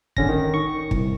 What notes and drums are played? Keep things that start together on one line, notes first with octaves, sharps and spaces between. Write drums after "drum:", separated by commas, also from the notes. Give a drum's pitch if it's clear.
G#1 D3 C#4 A#6, drum: kick
D#3
C#6
C2, drum: kick